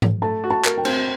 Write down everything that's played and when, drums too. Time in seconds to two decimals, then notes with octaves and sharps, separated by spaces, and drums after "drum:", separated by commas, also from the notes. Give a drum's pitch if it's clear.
0.02 drum: tom G#2
0.22 A3 A5
0.44 F#4
0.50 A5
0.65 A#4, drum: clap
0.78 G5
0.85 C4, drum: cymbal